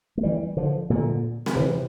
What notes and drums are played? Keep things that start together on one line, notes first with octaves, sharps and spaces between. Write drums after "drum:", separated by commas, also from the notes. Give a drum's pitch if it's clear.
A3
E3 G3
D3 F3
A#2 D3
drum: snare C4
C3 E3